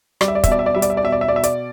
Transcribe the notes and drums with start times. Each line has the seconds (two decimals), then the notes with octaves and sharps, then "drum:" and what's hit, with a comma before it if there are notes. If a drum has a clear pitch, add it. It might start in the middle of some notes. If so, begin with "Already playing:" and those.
0.21 G3 D5, drum: rim click
0.28 E5
0.35 D5
0.44 E5, drum: kick, hi-hat
0.48 B2 D5
0.59 E5
0.66 D5
0.75 G3 E5
0.82 D5, drum: hi-hat
0.90 E5
0.97 D5
1.03 B2 E5
1.12 D5
1.21 E5
1.28 B2 D5
1.36 E5
1.43 D5, drum: hi-hat